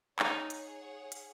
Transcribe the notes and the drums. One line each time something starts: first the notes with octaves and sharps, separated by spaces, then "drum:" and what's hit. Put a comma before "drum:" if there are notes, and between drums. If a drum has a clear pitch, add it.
D#4 G#4 C#5 F#5, drum: clap
drum: hi-hat
drum: hi-hat